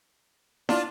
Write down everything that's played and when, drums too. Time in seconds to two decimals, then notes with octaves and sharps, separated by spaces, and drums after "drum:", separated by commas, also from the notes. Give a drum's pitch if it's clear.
0.69 D4 F4, drum: snare